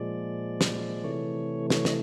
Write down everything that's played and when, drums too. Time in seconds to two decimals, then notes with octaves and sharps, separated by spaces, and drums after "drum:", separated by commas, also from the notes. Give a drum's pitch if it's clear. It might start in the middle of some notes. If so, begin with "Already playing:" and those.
Already playing: A#2 F3 G#3 D5
0.61 drum: snare
1.04 C3 E3 A3 C#5
1.70 C#5, drum: snare
1.85 D#5, drum: snare